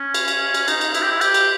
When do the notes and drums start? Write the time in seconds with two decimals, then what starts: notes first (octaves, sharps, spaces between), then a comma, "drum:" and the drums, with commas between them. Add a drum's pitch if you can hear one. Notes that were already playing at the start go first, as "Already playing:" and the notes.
Already playing: C#4
0.14 drum: cymbal
0.28 drum: cymbal
0.54 drum: cymbal
0.68 D#4, drum: cymbal
0.81 drum: cymbal
0.94 E4, drum: cymbal
1.03 G4
1.11 E4
1.21 G4, drum: cymbal
1.34 drum: cymbal